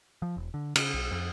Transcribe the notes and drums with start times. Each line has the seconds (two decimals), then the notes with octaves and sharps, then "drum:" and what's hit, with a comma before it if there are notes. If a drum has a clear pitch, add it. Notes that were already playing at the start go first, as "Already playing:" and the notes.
0.22 F3
0.37 E1
0.54 D3
0.75 C#3, drum: cymbal
0.94 B1
1.11 F2